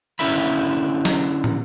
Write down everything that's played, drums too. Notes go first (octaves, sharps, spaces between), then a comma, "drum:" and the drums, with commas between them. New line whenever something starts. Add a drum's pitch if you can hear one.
D3 C#4 E4 A#4 E5 B5
drum: snare
drum: tom